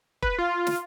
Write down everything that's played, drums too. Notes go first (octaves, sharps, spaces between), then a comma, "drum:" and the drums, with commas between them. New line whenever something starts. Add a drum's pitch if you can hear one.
B4, drum: kick E1
F4
drum: snare